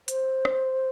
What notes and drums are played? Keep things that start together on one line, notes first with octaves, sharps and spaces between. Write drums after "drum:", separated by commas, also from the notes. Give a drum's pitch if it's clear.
C5, drum: hi-hat
drum: rim click